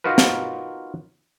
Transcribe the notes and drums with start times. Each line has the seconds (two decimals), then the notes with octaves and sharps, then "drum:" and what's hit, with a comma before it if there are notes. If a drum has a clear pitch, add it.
0.04 D#4 F4 F#4 A#4 B4
0.18 drum: snare